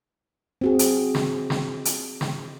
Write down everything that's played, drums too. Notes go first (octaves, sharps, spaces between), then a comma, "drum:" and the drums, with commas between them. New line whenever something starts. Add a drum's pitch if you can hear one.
C4 F#4 G#4
drum: hi-hat
drum: snare
drum: snare
drum: hi-hat
drum: snare